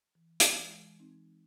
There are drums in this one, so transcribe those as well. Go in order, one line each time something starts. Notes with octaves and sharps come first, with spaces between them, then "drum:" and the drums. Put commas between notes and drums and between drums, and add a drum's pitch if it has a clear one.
E3
E3, drum: hi-hat
E3 G#3
E3
C4 D#4
E3